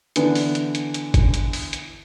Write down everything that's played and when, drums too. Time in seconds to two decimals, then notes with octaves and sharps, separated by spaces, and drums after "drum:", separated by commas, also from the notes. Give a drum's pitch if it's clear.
0.16 D3 E3 B3 D4, drum: hi-hat
0.35 drum: open hi-hat
0.55 drum: hi-hat
0.75 drum: hi-hat
0.94 drum: hi-hat
1.14 drum: kick, hi-hat
1.34 drum: hi-hat
1.53 drum: open hi-hat
1.73 drum: hi-hat